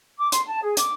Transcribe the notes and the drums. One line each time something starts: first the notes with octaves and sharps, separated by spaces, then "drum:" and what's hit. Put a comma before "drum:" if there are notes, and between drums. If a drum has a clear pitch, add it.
D6
C6, drum: hi-hat
A5
G#4
D6, drum: hi-hat